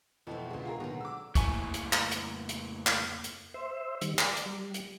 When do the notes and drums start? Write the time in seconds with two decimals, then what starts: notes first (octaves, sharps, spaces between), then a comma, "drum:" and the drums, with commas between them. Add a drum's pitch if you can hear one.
0.27 F2 B2 E3 A3 C4
0.50 C#2 D3 G#3 E4
0.65 F4 G#4 A#4
0.80 B2 D#3 F#3 G#3 A#5
1.01 D6 E6
1.35 F2 A2 C#3 A#3 E4 G#5 C#6, drum: kick, hi-hat
1.74 drum: hi-hat
1.93 drum: clap
2.11 drum: hi-hat
2.49 drum: hi-hat
2.87 drum: clap
3.24 drum: hi-hat
3.54 C5 E5
4.01 D#3 G3, drum: hi-hat
4.18 D5, drum: clap
4.37 drum: hi-hat
4.46 G3
4.74 drum: hi-hat